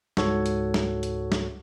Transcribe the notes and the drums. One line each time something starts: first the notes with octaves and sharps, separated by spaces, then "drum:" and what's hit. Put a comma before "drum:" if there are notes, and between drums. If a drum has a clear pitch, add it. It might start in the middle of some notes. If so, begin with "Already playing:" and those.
C#2 G#2 F#4 A4 C#5, drum: snare
drum: hi-hat
drum: snare
drum: hi-hat
drum: snare